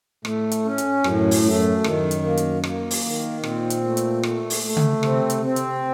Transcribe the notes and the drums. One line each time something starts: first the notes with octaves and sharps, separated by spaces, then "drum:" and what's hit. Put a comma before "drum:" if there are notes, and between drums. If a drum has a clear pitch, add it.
A2 A3, drum: rim click
drum: hi-hat
C#4
drum: hi-hat
F#2 A2, drum: rim click
drum: open hi-hat
F#2 A3
F#2 D#3, drum: rim click
drum: hi-hat
A#3
drum: hi-hat
A#3, drum: rim click
drum: open hi-hat
D#3
A#2 C4, drum: rim click
drum: hi-hat
A3
drum: hi-hat
A3, drum: rim click
drum: open hi-hat
A3
drum: tom C#3
C3 C4, drum: rim click
drum: hi-hat
C4
drum: hi-hat